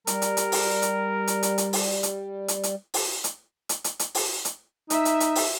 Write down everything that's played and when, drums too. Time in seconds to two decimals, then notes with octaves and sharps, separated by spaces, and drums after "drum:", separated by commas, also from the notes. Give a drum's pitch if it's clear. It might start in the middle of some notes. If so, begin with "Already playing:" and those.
0.07 G3 A#4, drum: hi-hat
0.22 drum: hi-hat
0.37 drum: hi-hat
0.52 drum: open hi-hat
0.82 drum: hi-hat
1.27 drum: hi-hat
1.43 drum: hi-hat
1.58 drum: hi-hat
1.73 drum: open hi-hat
2.03 drum: hi-hat
2.48 drum: hi-hat
2.63 drum: hi-hat
2.94 drum: open hi-hat
3.24 drum: hi-hat
3.69 drum: hi-hat
3.84 drum: hi-hat
3.99 drum: hi-hat
4.15 drum: open hi-hat
4.45 drum: hi-hat
4.90 D#4 E5, drum: hi-hat
5.05 drum: hi-hat
5.20 drum: hi-hat
5.35 drum: open hi-hat